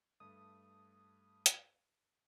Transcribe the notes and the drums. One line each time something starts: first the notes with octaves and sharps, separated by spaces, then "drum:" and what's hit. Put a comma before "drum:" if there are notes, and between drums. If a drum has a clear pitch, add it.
G2 A3 D#6
drum: hi-hat